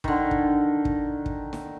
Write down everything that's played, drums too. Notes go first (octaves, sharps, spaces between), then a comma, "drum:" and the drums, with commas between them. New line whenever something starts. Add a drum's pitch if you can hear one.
D3 D#3, drum: kick
drum: kick
drum: kick
drum: kick
drum: snare